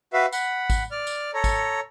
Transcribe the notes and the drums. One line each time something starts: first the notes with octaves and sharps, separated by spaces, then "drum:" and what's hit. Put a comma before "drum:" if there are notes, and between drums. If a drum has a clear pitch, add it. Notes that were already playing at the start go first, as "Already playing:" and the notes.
F#4 B4 E5 F5
F#5 B5, drum: tambourine
drum: kick G#1, tambourine
D5 F6
drum: tambourine
A4 C#5 A#5
drum: kick G#1, tambourine